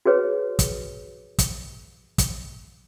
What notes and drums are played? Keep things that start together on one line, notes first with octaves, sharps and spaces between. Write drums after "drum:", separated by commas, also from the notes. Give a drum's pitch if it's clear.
F#4 G#4 B4 C#5
drum: kick, hi-hat
drum: kick, hi-hat
drum: kick, hi-hat